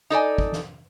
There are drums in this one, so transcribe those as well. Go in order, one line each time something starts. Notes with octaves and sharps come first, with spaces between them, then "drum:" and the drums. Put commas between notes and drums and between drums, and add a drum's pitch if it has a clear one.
D#4 A4 D5 G#5
drum: kick
drum: snare